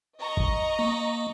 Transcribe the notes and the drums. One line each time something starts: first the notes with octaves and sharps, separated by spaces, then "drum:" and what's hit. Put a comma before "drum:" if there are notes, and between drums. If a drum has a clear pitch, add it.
D#5 A#5 C#6
drum: kick G1
A#3